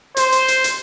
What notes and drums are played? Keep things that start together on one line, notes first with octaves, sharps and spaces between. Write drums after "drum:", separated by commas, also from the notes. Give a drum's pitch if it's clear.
C5, drum: hi-hat
drum: hi-hat
drum: hi-hat
drum: hi-hat